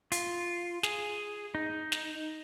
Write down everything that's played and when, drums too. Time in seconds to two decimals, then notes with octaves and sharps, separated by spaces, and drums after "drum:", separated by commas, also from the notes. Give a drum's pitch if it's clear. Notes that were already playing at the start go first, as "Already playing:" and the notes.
0.12 F4, drum: hi-hat
0.83 G#4, drum: snare
1.55 D#4
1.92 drum: snare